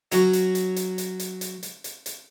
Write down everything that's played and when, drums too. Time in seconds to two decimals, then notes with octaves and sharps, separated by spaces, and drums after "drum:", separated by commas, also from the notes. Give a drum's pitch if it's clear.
0.12 F#3 C#4 F#4, drum: hi-hat
0.33 drum: hi-hat
0.55 drum: hi-hat
0.76 drum: hi-hat
0.98 drum: hi-hat
1.20 drum: hi-hat
1.41 drum: hi-hat
1.63 drum: hi-hat
1.84 drum: hi-hat
2.06 drum: hi-hat